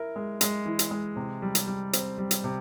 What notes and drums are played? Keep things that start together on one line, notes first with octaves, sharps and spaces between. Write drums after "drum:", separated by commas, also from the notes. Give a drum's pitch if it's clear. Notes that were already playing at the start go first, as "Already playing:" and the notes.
Already playing: E4 A#4
G#3
G#3, drum: hi-hat
E3
drum: hi-hat
G#3
C3
G3
drum: hi-hat
G3
C4, drum: hi-hat
G3
drum: hi-hat
C3